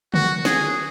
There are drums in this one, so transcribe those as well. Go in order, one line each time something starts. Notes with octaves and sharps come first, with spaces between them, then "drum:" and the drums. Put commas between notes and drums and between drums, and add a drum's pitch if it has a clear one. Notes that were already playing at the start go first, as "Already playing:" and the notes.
F#4, drum: tom C#3
G#4, drum: snare